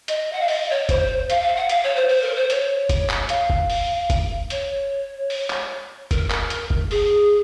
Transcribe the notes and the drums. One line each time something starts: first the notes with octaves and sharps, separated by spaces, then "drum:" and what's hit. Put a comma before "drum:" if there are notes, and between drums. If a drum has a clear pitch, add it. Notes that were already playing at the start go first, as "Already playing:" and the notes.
D#5, drum: hi-hat
F#5
F5
D#5, drum: open hi-hat
C#5
C5, drum: kick, hi-hat
F5, drum: hi-hat
F5
F#5
F5, drum: hi-hat
C#5
C5
C5, drum: open hi-hat
A#4
C5
C#5, drum: hi-hat
drum: kick, hi-hat
drum: clap
F5, drum: hi-hat
drum: kick
drum: open hi-hat
drum: kick, hi-hat
C#5, drum: hi-hat
drum: open hi-hat
drum: clap
A#4, drum: kick, hi-hat
drum: clap
drum: hi-hat
drum: kick
G#4, drum: open hi-hat